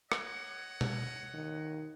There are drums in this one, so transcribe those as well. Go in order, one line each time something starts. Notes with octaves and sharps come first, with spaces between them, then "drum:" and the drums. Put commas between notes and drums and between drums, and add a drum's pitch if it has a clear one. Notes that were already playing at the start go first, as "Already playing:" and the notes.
C#5 D#5 F#5, drum: rim click
drum: tom B2
D#3